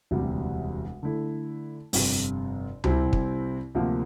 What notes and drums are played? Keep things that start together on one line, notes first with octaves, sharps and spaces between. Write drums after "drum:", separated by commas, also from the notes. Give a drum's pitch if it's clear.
E1 D2 C3 G3
D3 A3 E4
G1 F2 C3, drum: open hi-hat
C2 C3 G3 C4 E4, drum: tom C#2
drum: kick
D2 C3 F3 A#3